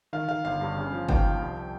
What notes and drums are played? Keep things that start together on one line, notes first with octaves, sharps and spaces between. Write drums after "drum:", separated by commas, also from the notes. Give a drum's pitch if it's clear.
D#3 F5
D#3 F5
G1 F5
G2
C#3
F3
D#2 G5, drum: kick G1
F3
C2